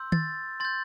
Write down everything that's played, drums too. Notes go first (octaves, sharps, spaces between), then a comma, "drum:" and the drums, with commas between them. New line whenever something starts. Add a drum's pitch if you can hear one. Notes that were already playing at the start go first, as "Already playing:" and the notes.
Already playing: C6 E6 G6
A6, drum: tom
C6 G6 A6